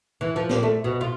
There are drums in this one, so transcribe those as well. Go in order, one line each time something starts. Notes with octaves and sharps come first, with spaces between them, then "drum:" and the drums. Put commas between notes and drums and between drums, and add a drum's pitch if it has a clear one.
E3
F3
A#2, drum: snare
A3
B2
F4